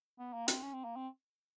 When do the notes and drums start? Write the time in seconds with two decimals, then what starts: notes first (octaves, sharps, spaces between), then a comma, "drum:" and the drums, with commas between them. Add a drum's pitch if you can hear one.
0.19 B3
0.33 A#3
0.48 C4, drum: hi-hat
0.62 C#4
0.73 C4
0.84 A#3
0.96 C4